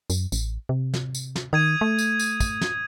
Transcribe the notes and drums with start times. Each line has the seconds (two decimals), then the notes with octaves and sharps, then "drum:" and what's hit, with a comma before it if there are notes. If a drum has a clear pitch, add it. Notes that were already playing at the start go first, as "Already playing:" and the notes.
0.10 F#2, drum: tambourine
0.32 A1, drum: tambourine
0.69 C3
0.94 drum: snare
1.15 drum: tambourine
1.36 drum: snare
1.53 D#3 D#6 G#6 D#7
1.81 A3
1.98 drum: tambourine
2.19 drum: tambourine
2.40 drum: kick, tambourine
2.61 drum: snare